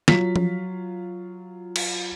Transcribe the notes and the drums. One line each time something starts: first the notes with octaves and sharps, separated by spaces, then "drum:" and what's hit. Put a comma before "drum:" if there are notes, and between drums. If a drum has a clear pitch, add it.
F#3 F4 B6, drum: snare
drum: tom F3
drum: cymbal